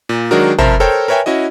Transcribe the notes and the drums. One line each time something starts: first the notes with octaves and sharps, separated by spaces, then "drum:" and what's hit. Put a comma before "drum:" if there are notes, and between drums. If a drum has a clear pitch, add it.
A#2
D#3 F#3 G#3 D4 F#4 A#4
F2 A#4 C5 E5 A5 A#5, drum: tom
A4 A#4 C5 C#5 G5
A#4 B4 C#5 E5 G5 G#5
C#4 E4 F#4 D#5